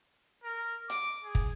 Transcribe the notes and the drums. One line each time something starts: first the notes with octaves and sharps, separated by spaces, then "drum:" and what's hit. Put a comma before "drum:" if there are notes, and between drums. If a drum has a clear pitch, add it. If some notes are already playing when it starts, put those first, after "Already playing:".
A#4
D6, drum: hi-hat
G#4
drum: kick